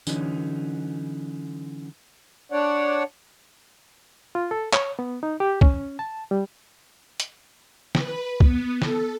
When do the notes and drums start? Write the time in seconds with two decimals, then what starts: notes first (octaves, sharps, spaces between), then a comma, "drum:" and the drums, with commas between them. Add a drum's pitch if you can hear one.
0.07 D3 E3 F#3 C#4 D#4, drum: tambourine
2.52 D4 C#5 D5 F#5
4.35 F4
4.51 A4
4.73 C#5, drum: clap
4.99 B3
5.23 D#4
5.40 G4
5.61 C#4, drum: kick
5.99 A5
6.31 G3
7.20 drum: hi-hat
7.95 B4, drum: snare
8.40 B3, drum: kick
8.82 A4, drum: snare